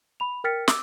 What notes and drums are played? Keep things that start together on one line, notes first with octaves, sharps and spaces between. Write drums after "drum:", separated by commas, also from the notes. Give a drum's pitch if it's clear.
B5 F7
A#4 G5 F6 A6 B6 C#7
D6 E6, drum: snare